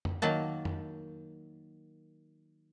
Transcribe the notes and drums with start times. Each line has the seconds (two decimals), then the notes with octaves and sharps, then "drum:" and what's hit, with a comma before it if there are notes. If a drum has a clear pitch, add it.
0.05 drum: tom F2
0.22 D#3 F#3 A#3 A5
0.65 drum: tom F2